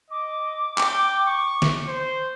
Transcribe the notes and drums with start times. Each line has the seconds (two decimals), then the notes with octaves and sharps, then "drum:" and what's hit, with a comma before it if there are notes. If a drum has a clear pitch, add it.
0.10 D#5 D6
0.78 G5, drum: clap
1.27 C#6
1.62 drum: snare
1.88 C5